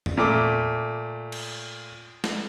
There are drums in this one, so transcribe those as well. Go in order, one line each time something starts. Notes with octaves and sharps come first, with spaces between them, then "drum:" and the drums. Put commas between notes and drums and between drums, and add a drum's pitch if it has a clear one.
drum: tom E2
A#2 A3 D6
drum: cymbal
drum: snare